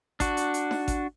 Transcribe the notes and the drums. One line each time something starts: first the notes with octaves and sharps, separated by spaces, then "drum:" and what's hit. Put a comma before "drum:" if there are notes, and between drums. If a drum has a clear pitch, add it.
D4 F#4, drum: kick G#1, hi-hat
drum: hi-hat
drum: hi-hat
drum: snare D#4
drum: kick G#1, hi-hat